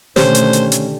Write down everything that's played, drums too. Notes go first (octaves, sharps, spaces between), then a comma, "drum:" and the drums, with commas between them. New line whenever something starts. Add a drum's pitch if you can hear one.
B2 D3 D#3 A3 C#4 G4 C5, drum: snare
drum: hi-hat
drum: hi-hat
drum: hi-hat